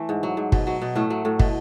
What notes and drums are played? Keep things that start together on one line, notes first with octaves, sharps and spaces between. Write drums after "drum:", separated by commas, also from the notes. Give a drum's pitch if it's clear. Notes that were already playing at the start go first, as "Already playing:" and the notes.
Already playing: E3 A3
G#2
F#3
G#2
B2, drum: kick
F#3
B2
A2 A3
F#3
A2
B2, drum: kick